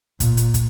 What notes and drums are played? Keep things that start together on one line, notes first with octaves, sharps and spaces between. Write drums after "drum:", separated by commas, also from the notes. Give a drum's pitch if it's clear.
A#2, drum: kick, hi-hat
drum: hi-hat
drum: kick, hi-hat